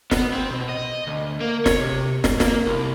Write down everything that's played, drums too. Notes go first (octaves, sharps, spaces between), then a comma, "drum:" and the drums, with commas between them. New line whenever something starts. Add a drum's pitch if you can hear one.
B3, drum: snare
C4
B2
D#5
D2
A#3
C#5, drum: snare
C3
G#2, drum: snare
A#3, drum: snare
C2